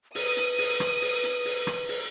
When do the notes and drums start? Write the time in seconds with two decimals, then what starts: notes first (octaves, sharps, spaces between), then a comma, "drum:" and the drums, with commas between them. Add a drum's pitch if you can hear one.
0.15 B4 D#6, drum: open hi-hat
0.37 drum: hi-hat
0.58 drum: open hi-hat
0.80 drum: rim click
1.02 drum: open hi-hat
1.23 drum: hi-hat
1.45 drum: open hi-hat
1.67 drum: rim click
1.89 drum: open hi-hat